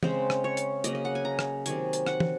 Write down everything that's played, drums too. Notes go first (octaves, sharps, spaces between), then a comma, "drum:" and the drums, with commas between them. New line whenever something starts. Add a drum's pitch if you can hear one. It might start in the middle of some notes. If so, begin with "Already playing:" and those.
C#3 G#3 C4 C5, drum: tom
drum: rim click
C#5
drum: hi-hat
C#3 F#3 A#3 D#5, drum: hi-hat
D#5
F#5
G#5
A#5
drum: rim click
C3 D#3 F#3 G#5, drum: hi-hat
drum: hi-hat
F#5, drum: rim click
drum: tom